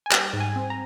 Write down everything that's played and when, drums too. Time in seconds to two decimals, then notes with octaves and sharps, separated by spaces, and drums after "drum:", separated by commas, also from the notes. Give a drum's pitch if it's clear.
0.06 G#5
0.11 G3 G5, drum: clap
0.33 G#2
0.40 G#5
0.56 C4
0.70 A#5